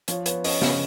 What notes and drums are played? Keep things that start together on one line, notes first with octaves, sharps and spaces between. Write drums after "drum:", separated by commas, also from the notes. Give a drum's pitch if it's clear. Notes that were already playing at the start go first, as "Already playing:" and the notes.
F3 C#5, drum: hi-hat
B3 C#5, drum: hi-hat
C#4 D#5, drum: open hi-hat
C#3, drum: snare